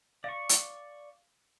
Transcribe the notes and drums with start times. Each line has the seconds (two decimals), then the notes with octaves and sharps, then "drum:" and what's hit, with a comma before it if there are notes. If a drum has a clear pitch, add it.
0.24 D5 F5 C#6
0.49 drum: hi-hat